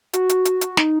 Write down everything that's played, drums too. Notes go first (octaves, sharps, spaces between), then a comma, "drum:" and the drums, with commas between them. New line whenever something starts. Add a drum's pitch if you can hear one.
F#4, drum: hi-hat
drum: hi-hat
drum: hi-hat
drum: hi-hat
D#4, drum: snare